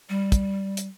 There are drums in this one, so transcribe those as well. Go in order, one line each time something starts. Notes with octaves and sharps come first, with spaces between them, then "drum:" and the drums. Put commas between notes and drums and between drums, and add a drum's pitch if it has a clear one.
G3
drum: kick, hi-hat
drum: hi-hat